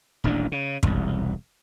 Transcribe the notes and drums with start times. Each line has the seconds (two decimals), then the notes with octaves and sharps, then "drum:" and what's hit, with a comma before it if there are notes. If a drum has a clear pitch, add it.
0.24 D#1 A1 A#2 D4
0.52 C#3
0.83 E1 C2, drum: kick